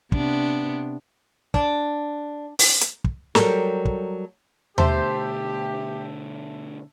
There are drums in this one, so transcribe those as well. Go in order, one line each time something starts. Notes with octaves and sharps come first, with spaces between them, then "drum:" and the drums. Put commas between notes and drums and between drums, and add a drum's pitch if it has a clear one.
C3 B3 D4, drum: kick
D4, drum: kick
drum: open hi-hat
drum: hi-hat
drum: kick
F#3 G3 G4 A4 A#4, drum: snare
drum: kick
B2 D3 A3 G4 C5 E5 A5, drum: tom D#2